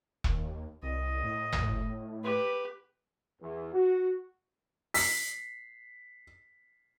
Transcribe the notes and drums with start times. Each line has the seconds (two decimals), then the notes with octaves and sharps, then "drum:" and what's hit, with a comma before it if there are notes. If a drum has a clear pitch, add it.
0.24 D#2, drum: kick E1
0.82 C2 D#5
1.23 A2
1.52 drum: tom G1
2.23 G4 B4
3.40 E2
3.73 F#4
4.94 B6 C7, drum: open hi-hat